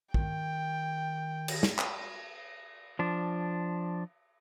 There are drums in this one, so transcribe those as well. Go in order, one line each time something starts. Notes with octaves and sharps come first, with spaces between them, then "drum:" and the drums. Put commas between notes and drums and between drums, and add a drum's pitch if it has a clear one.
D#3 G5, drum: kick
drum: cymbal
drum: snare
drum: clap
F3 D4